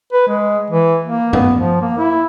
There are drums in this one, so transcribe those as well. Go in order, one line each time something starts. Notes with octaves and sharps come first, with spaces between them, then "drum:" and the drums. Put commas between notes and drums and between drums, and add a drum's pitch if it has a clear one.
B4
G#3
E3
A#3
B3, drum: tom G2
F3
A#3
E4